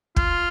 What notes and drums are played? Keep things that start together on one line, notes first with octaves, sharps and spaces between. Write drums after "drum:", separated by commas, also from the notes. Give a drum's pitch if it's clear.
F4, drum: kick